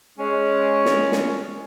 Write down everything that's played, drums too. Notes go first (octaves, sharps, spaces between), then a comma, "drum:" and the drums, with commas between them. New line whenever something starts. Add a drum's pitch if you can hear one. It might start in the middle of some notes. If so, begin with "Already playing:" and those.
G#3 C#4
drum: snare
drum: snare